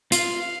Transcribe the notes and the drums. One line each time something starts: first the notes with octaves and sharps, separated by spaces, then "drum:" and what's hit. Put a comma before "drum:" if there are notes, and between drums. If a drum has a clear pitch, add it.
F4 F5, drum: hi-hat